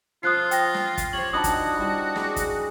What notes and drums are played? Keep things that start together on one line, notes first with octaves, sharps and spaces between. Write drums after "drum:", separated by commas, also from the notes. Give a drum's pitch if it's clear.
F3 F4 C5 D#6 F#6 C7
G5 A#6, drum: hi-hat
drum: snare
drum: kick, hi-hat
G4 C5 C#5 F#7
D4 D#4 F#4 D5 A5 B5 D#6
drum: kick, hi-hat
G3 E4 G4
G#4 D5 C#6, drum: snare
drum: kick, hi-hat